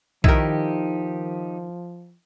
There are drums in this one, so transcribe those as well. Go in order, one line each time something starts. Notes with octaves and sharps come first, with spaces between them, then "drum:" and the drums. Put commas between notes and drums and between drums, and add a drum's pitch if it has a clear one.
D#3 F3 D#4 E4 G4 A#4, drum: kick B1